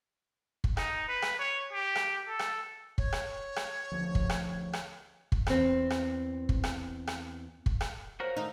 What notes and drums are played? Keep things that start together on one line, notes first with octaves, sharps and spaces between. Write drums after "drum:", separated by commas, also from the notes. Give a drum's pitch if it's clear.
drum: kick
D#4, drum: rim click
B4
drum: rim click
C#5
G4
drum: rim click
A4
drum: rim click
C#5, drum: kick
drum: rim click
drum: rim click
D2 F3
drum: kick
drum: rim click
drum: rim click
drum: kick
E2 C4, drum: rim click
drum: rim click
drum: kick
drum: rim click
drum: rim click
drum: kick
drum: rim click
F#4 A#4 C5 C#5 F5
D#3 A3 D#4